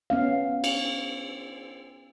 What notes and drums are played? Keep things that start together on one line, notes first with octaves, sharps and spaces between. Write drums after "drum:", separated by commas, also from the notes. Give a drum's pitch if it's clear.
B3 C#4 F5
drum: cymbal